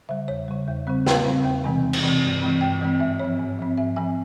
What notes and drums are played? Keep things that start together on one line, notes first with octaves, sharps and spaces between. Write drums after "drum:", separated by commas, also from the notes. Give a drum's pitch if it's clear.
C#3 G3 E5
E2 C#5
C#3 G3
E2
C#3 G3 C4
E2 G5, drum: snare
C#3 G3 C4 F5
E2 G5
C3 E3 G#3 C4 G#5
E2
drum: cymbal
C3 E3 G#3 C4
G2
E3 G#3 C4
G2 G5
E3 G#3 C4
G#2 E5
F3 C4 C#5
G#2
F3 C4
G#2 E5
F3 C4 G#5